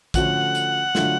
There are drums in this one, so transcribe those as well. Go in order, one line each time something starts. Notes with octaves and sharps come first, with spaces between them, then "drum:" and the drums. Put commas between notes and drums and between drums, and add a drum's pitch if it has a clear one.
D3 F3 A3 C#4 F#4 F#5, drum: kick, hi-hat
drum: hi-hat
D3 F#3 A3 D4 F4, drum: snare